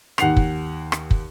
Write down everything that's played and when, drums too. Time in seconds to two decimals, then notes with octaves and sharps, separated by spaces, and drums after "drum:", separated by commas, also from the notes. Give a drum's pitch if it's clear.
0.18 D#2 F#5 C7 F7, drum: rim click
0.37 drum: kick
0.92 drum: rim click
1.11 drum: kick